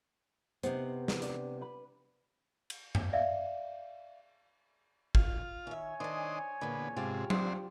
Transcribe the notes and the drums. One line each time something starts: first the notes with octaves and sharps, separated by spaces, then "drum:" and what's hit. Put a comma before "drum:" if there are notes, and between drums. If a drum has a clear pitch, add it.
C3 B3 D#4 C5, drum: hi-hat
drum: snare
D4, drum: hi-hat
B4 B5
drum: cymbal
drum: tom F#2
D5 E5 F5
F4, drum: kick
D#3 C#5 E5 G#5
D#3 D4 C5 D#5 A5
E2 A#2 D3 B3
G#2 C3 F4 G4 A5
C4 D4 C5, drum: tom F#3